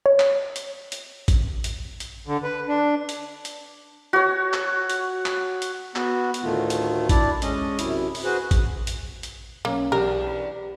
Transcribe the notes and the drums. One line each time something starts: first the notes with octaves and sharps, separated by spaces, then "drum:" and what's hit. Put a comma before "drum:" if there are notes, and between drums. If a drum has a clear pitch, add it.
C#5
drum: clap
drum: hi-hat
drum: hi-hat
drum: kick A1, hi-hat
drum: hi-hat
drum: hi-hat
D3
B4
D4
drum: hi-hat
drum: hi-hat
F#4 C#5
drum: clap
drum: hi-hat
drum: clap
drum: hi-hat
B3 F#4, drum: clap
drum: hi-hat
D2 A2 D#3 A3 F4
drum: hi-hat
D4 E4 D5, drum: kick A1, hi-hat
G#3 C#4 D#5, drum: hi-hat
F#2 C3 E4, drum: hi-hat
drum: open hi-hat
F#4 G#4 B4 C5
drum: kick A1, hi-hat
drum: hi-hat
drum: hi-hat
B1 A#3 C#4
B1 E2 D4 G4 A#4
B5